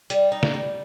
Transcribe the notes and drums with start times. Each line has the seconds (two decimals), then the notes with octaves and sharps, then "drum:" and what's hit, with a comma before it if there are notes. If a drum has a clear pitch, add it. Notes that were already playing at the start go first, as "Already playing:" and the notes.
0.10 G3, drum: hi-hat
0.32 D#4
0.43 drum: snare
0.54 G3